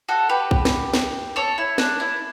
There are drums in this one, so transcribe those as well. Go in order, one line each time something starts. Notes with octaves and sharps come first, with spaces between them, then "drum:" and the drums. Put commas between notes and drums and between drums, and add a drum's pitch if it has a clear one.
F#4 A4
G4 B4
drum: kick A#1
drum: snare
drum: snare
A4 C#5
E4
D4, drum: snare
E4